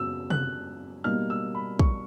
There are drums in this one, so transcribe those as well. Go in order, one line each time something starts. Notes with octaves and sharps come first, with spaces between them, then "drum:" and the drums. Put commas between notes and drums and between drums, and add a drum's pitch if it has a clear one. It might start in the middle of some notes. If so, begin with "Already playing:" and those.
Already playing: F#2 C#3 F#3 B3 E6
F#6, drum: tom C3
B2 G3 A#3 D#4 F6
E6
B5
C#6, drum: kick